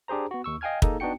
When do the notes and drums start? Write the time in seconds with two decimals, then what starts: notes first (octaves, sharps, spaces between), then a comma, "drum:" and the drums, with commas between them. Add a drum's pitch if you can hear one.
0.08 D4 G4 G#4 C5 A#5
0.31 B3 F#4
0.44 D#2 C#6 E6
0.61 D#5 F5 G5 G#5 F6 G#6
0.82 A#3 D#4 G#4 A4, drum: kick
1.00 B3 D4 D#4 F#4 G5 C#7